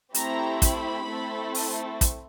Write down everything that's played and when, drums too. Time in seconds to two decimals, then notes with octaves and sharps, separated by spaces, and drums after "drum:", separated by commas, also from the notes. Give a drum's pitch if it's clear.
0.14 A3 C4 E4 G4 A#5, drum: hi-hat
0.62 B5, drum: kick, hi-hat
1.08 A3 C4 E4 A4
1.55 drum: open hi-hat
2.01 drum: kick, hi-hat